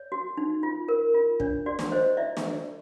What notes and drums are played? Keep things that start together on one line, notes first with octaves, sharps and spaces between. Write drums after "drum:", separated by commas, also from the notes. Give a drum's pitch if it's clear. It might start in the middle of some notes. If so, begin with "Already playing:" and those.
Already playing: C#5
F#4
D#4
F4
A#4
F4
D4 C#5, drum: kick
F#4 D5
drum: snare
C5 C#5 D#5
E4 D5 E5
drum: snare